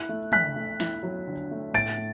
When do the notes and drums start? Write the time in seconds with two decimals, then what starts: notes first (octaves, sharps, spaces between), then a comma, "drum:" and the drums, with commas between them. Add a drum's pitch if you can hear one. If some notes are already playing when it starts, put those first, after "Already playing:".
Already playing: E4 F#6
0.09 A3
0.32 A3 F#6 B6, drum: tom
0.56 A3
0.80 E4, drum: snare
1.03 F#3
1.28 D3
1.51 A3
1.74 A2 A6 D7
1.97 A3